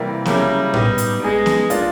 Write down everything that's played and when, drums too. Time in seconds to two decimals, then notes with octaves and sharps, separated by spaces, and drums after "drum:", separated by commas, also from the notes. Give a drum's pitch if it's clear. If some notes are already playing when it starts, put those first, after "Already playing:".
Already playing: C3 E3 G3 A#3
0.26 C#3 F#3 G3 A#3 C#4 E4, drum: snare B3
0.74 B3 D#4 G4, drum: tom A2
0.98 drum: hi-hat
1.21 G#3 B3 D#4 G#4
1.46 drum: snare B3
1.70 A#3 D4 F4, drum: hi-hat